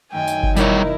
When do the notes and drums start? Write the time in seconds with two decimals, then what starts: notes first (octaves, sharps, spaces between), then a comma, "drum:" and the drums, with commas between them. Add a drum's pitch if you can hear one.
0.12 F#2 D#3 A3 G5 G#5
0.28 drum: tambourine
0.43 drum: kick G1
0.57 B2 G3 D#4 E4 A#4 C#5 D5, drum: tambourine